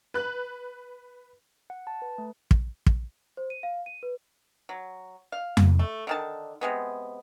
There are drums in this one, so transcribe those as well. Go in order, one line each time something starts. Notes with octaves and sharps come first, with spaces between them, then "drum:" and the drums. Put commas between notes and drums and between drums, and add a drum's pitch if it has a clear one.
B4 F#6
F#5
A5
B4
A3
drum: kick
drum: kick
C5
D#7
F5
D#7
B4
F#3
F5
drum: tom F2
A3
D3 D#3 A5
C3 G#3 B3